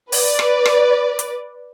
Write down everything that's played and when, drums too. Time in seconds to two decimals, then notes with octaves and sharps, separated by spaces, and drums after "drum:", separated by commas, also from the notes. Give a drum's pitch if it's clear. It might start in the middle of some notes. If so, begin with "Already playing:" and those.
0.12 B4 D5, drum: open hi-hat
0.39 drum: rim click
0.65 drum: rim click
1.19 drum: hi-hat